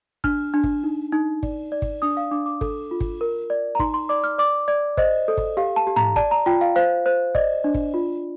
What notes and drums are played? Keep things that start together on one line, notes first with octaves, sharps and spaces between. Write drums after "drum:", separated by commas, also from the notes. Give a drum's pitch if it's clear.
D4 F6, drum: kick G#1
D4
drum: kick G#1
D#4
D#4
D5, drum: kick G#1
D5
drum: kick G#1
D4 D#6
F5
D4 D6
D6
A4, drum: kick G#1
F4
drum: kick G#1
A#4
D5
A#5
D#4 C6, drum: kick G#1
C6
D5 D6
F6
D5 D6
D5
C5 D#5, drum: kick G#1
A4
drum: kick G#1
G4 F5
A5
G4
A#5, drum: tom G#2
D5 A5, drum: kick G#1
A#5
F4 G5
F5
C5 F5
C5
D5 D#5, drum: kick G#1
D4
drum: kick G#1
F4